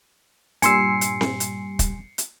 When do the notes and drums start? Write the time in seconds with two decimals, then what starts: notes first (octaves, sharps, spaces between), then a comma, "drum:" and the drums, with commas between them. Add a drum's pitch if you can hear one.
0.62 G2 A#2 G3 G#5 C6 E6 C7 C#7, drum: hi-hat
1.01 drum: hi-hat
1.21 drum: snare C4
1.40 drum: hi-hat
1.79 drum: kick, hi-hat
2.18 drum: hi-hat